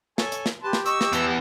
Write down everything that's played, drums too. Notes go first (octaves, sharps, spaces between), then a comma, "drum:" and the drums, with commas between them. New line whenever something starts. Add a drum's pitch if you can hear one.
A4 C#5 G#5, drum: snare
drum: hi-hat
drum: snare
G4 B4 A5 C6
drum: snare
D#5 C#6 E6, drum: hi-hat
drum: snare
E2 E3 A5, drum: hi-hat